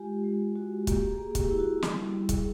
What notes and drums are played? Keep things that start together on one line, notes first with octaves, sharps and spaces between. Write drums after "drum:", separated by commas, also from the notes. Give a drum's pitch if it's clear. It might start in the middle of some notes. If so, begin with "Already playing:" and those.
Already playing: G#3 F4 G4
G#3
F#4
A#3 G4, drum: kick, hi-hat
G#4
A#3
G#4
G4, drum: kick, hi-hat
E4
F#4
G3, drum: snare
G3
G#4, drum: kick, hi-hat